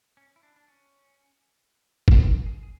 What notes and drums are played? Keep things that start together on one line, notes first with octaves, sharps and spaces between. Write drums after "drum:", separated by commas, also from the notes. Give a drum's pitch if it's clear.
C#4
E4
D4
D4
C#4
drum: kick G1
G#4
G#4